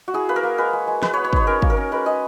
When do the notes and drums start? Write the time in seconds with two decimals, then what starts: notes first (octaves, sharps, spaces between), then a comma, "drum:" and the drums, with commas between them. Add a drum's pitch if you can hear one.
0.08 F#4
0.14 E4 G#4
0.29 A#3 B4
0.36 A#4
0.43 A#3
0.58 G#3 B4
0.73 G#3
0.87 G#3
1.03 G#3 B4, drum: snare
1.13 B3 C#5
1.24 C#5
1.33 D#4 B4, drum: kick
1.47 C#4 A#4
1.62 A#3, drum: kick
1.70 A#4
1.77 C#4
1.92 G#3 B4
2.06 G#3 D#5